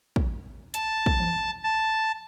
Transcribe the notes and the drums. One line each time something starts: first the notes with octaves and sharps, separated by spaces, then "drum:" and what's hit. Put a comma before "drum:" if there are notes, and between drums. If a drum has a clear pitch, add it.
drum: kick
A5, drum: hi-hat
drum: kick
drum: tom E3
A5